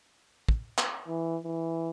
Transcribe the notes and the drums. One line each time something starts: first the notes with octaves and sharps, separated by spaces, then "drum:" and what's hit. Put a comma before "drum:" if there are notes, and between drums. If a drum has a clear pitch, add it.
drum: kick
drum: clap
E3
E3